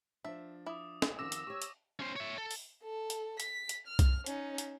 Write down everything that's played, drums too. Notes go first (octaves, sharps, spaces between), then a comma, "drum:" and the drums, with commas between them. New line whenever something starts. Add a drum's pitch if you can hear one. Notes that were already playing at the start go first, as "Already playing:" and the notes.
F3 D4 E5
E4 D6 D#6
drum: snare
F2 D#3 F#4 D6 E6 A#6
drum: hi-hat
G4 C#5 C#6
drum: hi-hat
C#4 C5
C#5 E5
A4
drum: open hi-hat
A4
drum: hi-hat
B6, drum: hi-hat
drum: hi-hat
F6
drum: kick C2, hi-hat
C#4 D#4, drum: hi-hat
drum: hi-hat